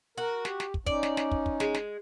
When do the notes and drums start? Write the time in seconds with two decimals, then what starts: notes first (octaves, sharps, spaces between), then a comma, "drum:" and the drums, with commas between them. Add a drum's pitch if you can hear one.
0.18 F#4 A#4
0.45 G4, drum: snare
0.60 drum: snare
0.74 drum: kick
0.86 C#4 D#4 D5, drum: kick
1.03 drum: snare
1.17 drum: snare
1.31 drum: kick
1.46 drum: kick
1.60 G#3, drum: snare
1.74 drum: snare